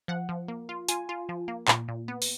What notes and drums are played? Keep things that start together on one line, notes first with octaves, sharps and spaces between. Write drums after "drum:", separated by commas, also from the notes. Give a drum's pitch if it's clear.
F3 F#5
F3
A#3
F4
F4 G#5, drum: hi-hat
F4
F3
A#3
A#2, drum: clap
A#2
B3
drum: open hi-hat